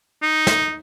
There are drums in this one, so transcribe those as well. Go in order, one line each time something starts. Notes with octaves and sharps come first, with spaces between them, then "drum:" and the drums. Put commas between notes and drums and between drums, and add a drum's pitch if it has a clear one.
D#4
drum: snare